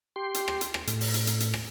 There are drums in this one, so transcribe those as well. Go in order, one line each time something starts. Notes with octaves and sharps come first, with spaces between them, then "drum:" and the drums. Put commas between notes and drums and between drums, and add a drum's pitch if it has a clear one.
G4 C6
drum: hi-hat
drum: rim click
drum: hi-hat
drum: rim click
A2, drum: hi-hat
drum: open hi-hat
drum: hi-hat
drum: hi-hat
drum: hi-hat
drum: rim click